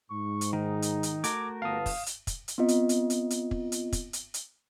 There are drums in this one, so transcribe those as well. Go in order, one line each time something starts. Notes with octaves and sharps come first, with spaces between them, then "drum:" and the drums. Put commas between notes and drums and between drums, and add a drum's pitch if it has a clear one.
G#2 C#6
drum: hi-hat
D#3 D#4
drum: hi-hat
drum: hi-hat
A3 F#4 A#4 D6 G#6, drum: hi-hat
G1 B3 F5 A5 D#6
drum: kick, open hi-hat
drum: hi-hat
drum: kick, hi-hat
drum: hi-hat
B3 C4 F4 D#5
drum: hi-hat
drum: hi-hat
drum: hi-hat
drum: hi-hat
drum: kick
drum: hi-hat
drum: kick, hi-hat
drum: hi-hat
drum: hi-hat